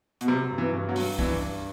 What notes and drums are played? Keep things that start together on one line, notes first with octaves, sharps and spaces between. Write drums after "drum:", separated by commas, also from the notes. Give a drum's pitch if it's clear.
B2, drum: hi-hat
C3 F#3
G2
E3
G2
F#3
G2, drum: open hi-hat
E3 D4, drum: kick C2
D4